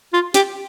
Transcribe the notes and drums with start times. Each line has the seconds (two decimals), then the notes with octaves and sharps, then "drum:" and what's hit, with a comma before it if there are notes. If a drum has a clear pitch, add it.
0.13 F4
0.34 G4, drum: snare